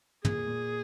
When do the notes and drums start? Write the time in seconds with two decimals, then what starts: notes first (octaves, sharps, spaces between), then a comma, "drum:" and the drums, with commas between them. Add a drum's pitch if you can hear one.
0.25 A#2 G#4, drum: tom
0.47 A#2